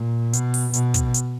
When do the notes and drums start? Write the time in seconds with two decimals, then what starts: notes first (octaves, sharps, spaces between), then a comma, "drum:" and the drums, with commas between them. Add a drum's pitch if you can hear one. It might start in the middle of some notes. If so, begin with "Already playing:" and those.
Already playing: A#2
0.33 B2, drum: hi-hat
0.54 drum: open hi-hat
0.73 B2, drum: hi-hat
0.94 drum: kick, hi-hat
1.14 drum: hi-hat